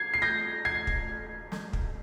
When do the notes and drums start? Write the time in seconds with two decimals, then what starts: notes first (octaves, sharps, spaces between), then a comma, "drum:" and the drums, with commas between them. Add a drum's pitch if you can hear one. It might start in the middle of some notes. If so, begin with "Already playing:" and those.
Already playing: G#6 C7
0.14 C7
0.22 G6 A#6
0.65 G#6 C7
0.87 drum: kick
1.52 drum: snare
1.73 drum: kick